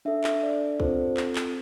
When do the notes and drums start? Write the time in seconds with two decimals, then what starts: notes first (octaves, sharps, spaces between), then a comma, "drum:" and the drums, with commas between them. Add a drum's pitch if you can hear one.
0.05 D4 A4 E5
0.24 drum: clap
0.43 D5
0.80 C4 F4 A4 C5, drum: kick C2
1.17 drum: clap
1.36 drum: clap